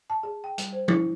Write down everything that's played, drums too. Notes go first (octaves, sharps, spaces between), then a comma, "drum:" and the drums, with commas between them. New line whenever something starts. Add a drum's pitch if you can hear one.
A5
G#4
G5
G3, drum: hi-hat
C5
E4, drum: tom